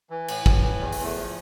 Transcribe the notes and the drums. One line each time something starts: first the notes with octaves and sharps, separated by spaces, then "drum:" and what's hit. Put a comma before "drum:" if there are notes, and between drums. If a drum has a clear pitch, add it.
E3
A2, drum: cymbal
A2, drum: kick
E3
E2 G3
A3, drum: open hi-hat
E2
A3
F3